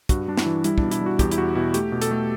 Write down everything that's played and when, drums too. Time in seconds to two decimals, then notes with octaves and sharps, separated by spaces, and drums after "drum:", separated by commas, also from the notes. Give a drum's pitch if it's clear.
0.09 G2 F#4, drum: kick, hi-hat
0.28 G2 D4
0.37 E4, drum: snare
0.46 E3
0.64 G3 E4, drum: hi-hat
0.78 B2 D4, drum: kick
0.91 E4, drum: hi-hat
1.01 G3 F#4
1.19 E2 G4, drum: kick, hi-hat
1.32 E4, drum: hi-hat
1.38 E2 F#4
1.55 B2 E4
1.74 A3 G4, drum: hi-hat
1.92 B2
2.02 A4, drum: hi-hat
2.11 A3